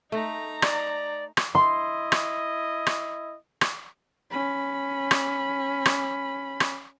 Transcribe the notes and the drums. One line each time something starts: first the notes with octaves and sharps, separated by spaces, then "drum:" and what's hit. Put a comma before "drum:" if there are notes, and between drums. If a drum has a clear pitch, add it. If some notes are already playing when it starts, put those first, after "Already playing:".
A3 D#4 A#5
D5, drum: rim click
drum: rim click
E4 D#5 C6
drum: rim click
drum: rim click
drum: rim click
C#4 B5
drum: rim click
drum: rim click
drum: rim click